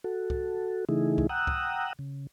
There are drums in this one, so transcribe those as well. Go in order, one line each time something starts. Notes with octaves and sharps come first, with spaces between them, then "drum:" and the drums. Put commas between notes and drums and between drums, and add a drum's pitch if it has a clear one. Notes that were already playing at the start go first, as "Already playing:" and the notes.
F#4 A4
drum: kick C2
C#3 E3 A3 D#4 E4 G#4
drum: kick C2
F#5 G5 A#5 D#6 E6 F#6
drum: kick C2
C#3